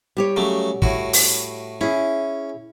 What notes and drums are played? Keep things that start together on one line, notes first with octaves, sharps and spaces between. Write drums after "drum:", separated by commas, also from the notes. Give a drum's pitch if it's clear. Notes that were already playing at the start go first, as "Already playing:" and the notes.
G3 G4 C#5
C#3 F#3 A3
A2 E4 F#4, drum: kick
drum: open hi-hat
C#4 E4 G#4